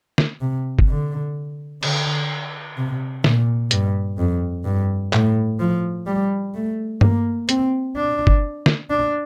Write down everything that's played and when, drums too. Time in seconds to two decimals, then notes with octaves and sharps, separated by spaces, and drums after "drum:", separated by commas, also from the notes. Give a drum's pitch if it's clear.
0.18 drum: snare
0.41 C3
0.79 drum: kick
0.89 D3
1.83 D3, drum: cymbal
2.77 C3
3.24 A#2, drum: snare
3.71 G2, drum: hi-hat
4.18 F2
4.65 G2
5.13 A2, drum: clap
5.60 F3
6.07 G3
6.55 A3
7.01 A#3, drum: tom G2
7.49 C4, drum: hi-hat
7.96 D4
8.27 drum: kick
8.66 drum: snare
8.90 D4